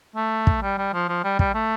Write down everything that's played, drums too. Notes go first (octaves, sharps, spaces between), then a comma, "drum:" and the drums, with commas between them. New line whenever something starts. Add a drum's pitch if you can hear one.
A3
drum: kick
G3
G3
F3
F3
G3
G3, drum: kick
A3